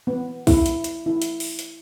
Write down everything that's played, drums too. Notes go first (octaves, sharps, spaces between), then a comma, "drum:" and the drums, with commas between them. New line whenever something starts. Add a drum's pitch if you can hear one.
B3
E4, drum: kick, open hi-hat
drum: hi-hat
drum: hi-hat
E4
drum: hi-hat
drum: open hi-hat
drum: hi-hat